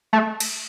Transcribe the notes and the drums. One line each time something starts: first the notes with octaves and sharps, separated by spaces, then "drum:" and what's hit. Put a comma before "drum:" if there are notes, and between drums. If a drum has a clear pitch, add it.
A3
drum: cymbal